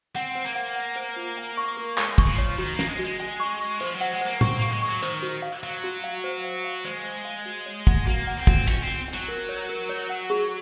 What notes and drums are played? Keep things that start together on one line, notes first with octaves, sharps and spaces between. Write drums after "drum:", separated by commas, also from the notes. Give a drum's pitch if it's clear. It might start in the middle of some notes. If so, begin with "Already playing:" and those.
C4 F#5
C5
A#3
F#5
F#5
C5
F4
G#5
C#6
A#4
G#3 C#5, drum: clap
C#6, drum: kick
F3
C#5
D#3 F#4
A#3
G#5, drum: snare
G#3
F#4
G#3
G#5
C#6
C#6
F3 C5, drum: hi-hat
F#3
F#5
G#3, drum: open hi-hat
A#3 C5
C4 C#6, drum: tom
A#3
C#6, drum: hi-hat
G#3
F#3 C#6
D#3 C5, drum: hi-hat
F#4
F5
F#3 F5
F#4
F5
C5
F5
F5
G#3 C5
G#5
F5
F#4
C#5
F#5, drum: kick
A#3 F#4
F#5
C4
F#4, drum: kick
C#4 G#5, drum: cymbal
C4
G#5
G#5
F#3, drum: hi-hat
A#4
C#5
A#4
C#5
F#5
G#4